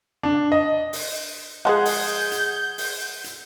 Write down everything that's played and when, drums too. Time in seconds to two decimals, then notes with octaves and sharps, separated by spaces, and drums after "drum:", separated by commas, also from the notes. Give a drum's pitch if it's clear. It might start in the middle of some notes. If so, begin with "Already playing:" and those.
0.23 D4
0.52 D#5
0.93 drum: open hi-hat
1.65 F3 G#3 G#4 F#5 G6
1.85 drum: open hi-hat
2.32 drum: hi-hat
2.78 drum: open hi-hat
3.24 drum: hi-hat